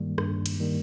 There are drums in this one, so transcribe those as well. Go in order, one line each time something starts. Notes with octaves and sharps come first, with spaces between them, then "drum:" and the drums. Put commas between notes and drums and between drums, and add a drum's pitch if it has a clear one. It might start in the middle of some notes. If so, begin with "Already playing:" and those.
Already playing: G2 D#3 G3 A#3
G2, drum: rim click
drum: cymbal
D#3 G3 A#3